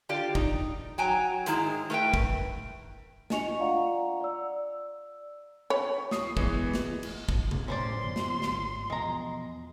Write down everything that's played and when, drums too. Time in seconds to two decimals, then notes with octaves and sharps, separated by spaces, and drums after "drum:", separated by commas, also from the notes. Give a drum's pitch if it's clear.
0.09 D3 F4 G4 D5
0.35 D#4, drum: kick
0.98 F#3 G5 G#5 A#5
1.46 G#2 D#3 G#3 E4 A#5, drum: hi-hat
1.90 A3 A#4 B4 D#5 E5 G5
2.14 drum: kick
3.30 D4 D#5 G#5 C#6 C#7 F7, drum: snare
3.59 F4 D5 F5 F#5 A#5
4.21 D5 E6
5.70 C#5 B5
6.11 C#6 D#6 C7, drum: snare
6.37 E3 G#3 B3, drum: kick
6.74 drum: snare
7.03 drum: cymbal
7.29 drum: kick
7.51 drum: tom C3
7.68 F#2 A2 C#4 C5 D5 C6
8.03 D3 F#3 B3
8.16 drum: snare
8.42 G#1, drum: snare
8.90 E2 B2 F3 G#3 A#5